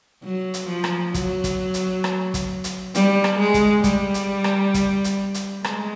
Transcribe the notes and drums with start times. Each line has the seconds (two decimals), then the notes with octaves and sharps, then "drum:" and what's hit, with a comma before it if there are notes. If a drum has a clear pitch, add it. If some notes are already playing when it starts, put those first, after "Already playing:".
0.23 F#3
0.54 drum: hi-hat
0.69 F3
0.84 drum: rim click
1.14 F#3, drum: kick, hi-hat
1.44 drum: kick, hi-hat
1.74 drum: hi-hat
2.04 drum: rim click
2.34 drum: kick, hi-hat
2.64 drum: hi-hat
2.95 G3, drum: hi-hat
3.24 drum: rim click
3.39 G#3
3.54 drum: kick, hi-hat
3.84 G3, drum: kick, hi-hat
4.14 drum: hi-hat
4.44 drum: rim click
4.74 drum: kick, hi-hat
5.04 drum: hi-hat
5.34 drum: hi-hat
5.64 G#3, drum: rim click